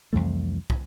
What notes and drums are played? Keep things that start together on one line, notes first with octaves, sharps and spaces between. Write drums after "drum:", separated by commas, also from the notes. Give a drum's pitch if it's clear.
C2 F2 E3 A3
drum: kick